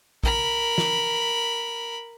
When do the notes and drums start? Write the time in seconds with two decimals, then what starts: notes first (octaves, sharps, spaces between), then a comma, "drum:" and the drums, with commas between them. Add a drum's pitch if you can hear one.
0.24 A#4 B5, drum: kick
0.78 drum: snare